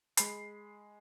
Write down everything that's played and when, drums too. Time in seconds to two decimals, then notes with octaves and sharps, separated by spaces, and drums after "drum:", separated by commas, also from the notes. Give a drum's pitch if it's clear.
0.17 G#3 B5 C7, drum: hi-hat